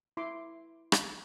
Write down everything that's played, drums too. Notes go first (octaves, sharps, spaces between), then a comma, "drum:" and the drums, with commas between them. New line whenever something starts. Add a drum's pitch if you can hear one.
E4 C6 D6
drum: rim click